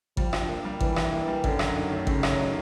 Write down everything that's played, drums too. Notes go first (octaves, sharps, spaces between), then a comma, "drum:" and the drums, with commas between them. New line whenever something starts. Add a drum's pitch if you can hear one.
F3 G3, drum: kick G#1
D4, drum: rim click
A#3
G3
E3 G3, drum: kick G#1
D4, drum: rim click
A#3
G3
F#2 D3, drum: kick G#1
F#3, drum: rim click
D#3
A3
F#2 C#3, drum: kick G#1
F#3, drum: rim click
D#3